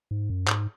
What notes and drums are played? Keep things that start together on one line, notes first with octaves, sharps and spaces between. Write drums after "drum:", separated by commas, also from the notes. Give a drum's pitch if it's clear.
G#2
F#2
G#2, drum: clap